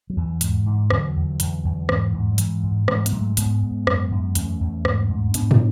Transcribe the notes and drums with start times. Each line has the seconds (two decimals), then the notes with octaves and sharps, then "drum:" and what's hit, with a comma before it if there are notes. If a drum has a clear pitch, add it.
0.10 F#3
0.17 E2 E3
0.41 G#2, drum: hi-hat
0.66 G#2
0.90 E2 D3 F#3, drum: rim click
1.16 E2
1.40 E2, drum: hi-hat
1.65 E2
1.89 G#2 E3, drum: rim click
2.14 G#2
2.32 F#3
2.38 G#2 E3, drum: hi-hat
2.63 G#2
2.88 G#2 E3 G#3, drum: rim click
3.06 B3, drum: hi-hat
3.12 G#2 F#3 A3
3.37 G#2 G#3 B3, drum: hi-hat
3.63 G#2
3.87 F#2, drum: rim click
4.12 F#2
4.35 E2 A3 C#4, drum: hi-hat
4.60 E2
4.85 G#2, drum: rim click
5.10 G#2
5.34 G#2 B3 D4, drum: hi-hat
5.51 drum: tom